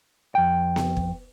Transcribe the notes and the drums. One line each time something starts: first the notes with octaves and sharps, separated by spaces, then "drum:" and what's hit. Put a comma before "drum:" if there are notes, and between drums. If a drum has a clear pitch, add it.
F2 G5
drum: snare B3
drum: kick